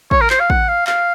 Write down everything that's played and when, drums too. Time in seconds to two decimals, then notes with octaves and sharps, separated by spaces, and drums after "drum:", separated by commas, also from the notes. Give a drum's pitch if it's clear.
0.11 C#5, drum: kick
0.21 A#4
0.30 C5, drum: clap
0.40 F5
0.50 F#5, drum: kick
0.68 F5
0.87 F5, drum: clap